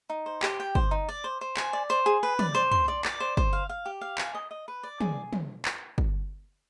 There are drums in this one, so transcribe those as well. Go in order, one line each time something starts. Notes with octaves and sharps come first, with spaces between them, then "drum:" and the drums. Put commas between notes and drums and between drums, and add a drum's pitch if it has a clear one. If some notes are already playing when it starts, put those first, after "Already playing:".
D#4
C5
G4, drum: clap
G5
C5, drum: kick
D#4
D5
C5
C5
G#5, drum: clap
D5
C5
G#4
B4
D5, drum: tom
C5
C6, drum: tom
D5
D5, drum: clap
C5
C5, drum: kick
F5
F5
G4
F5
G#5, drum: clap
D#5
D#5
B4
D5
G#4, drum: tom
drum: tom
drum: clap
drum: kick